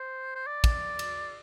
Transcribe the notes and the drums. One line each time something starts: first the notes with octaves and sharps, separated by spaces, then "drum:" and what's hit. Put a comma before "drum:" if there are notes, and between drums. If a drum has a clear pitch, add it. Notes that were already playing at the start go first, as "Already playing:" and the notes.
Already playing: C5
C5
D5
drum: kick, cymbal
drum: cymbal